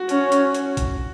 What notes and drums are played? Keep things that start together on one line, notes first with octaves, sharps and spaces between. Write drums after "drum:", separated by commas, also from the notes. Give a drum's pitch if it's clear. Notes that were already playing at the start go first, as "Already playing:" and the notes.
Already playing: F#4
C#4, drum: hi-hat
drum: hi-hat
drum: hi-hat
drum: kick A1, hi-hat